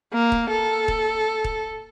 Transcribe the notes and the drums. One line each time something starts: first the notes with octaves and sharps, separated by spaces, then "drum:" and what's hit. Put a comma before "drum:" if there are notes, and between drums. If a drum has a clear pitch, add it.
A#3
drum: kick D#1
A4
drum: kick D#1
drum: kick D#1